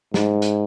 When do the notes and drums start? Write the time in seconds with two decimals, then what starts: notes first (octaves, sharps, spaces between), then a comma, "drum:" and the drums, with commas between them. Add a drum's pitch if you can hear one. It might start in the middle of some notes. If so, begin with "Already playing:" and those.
0.14 G#2, drum: snare
0.42 drum: hi-hat